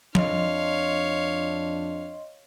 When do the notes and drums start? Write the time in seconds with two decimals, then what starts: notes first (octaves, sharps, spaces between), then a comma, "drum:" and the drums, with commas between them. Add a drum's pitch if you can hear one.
0.15 F2 D4 C#5 D#5 F5 C6, drum: tom F3